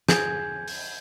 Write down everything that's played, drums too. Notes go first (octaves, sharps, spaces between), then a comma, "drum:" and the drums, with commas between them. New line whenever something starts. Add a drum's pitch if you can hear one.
G#4 G6 G#6, drum: snare
drum: open hi-hat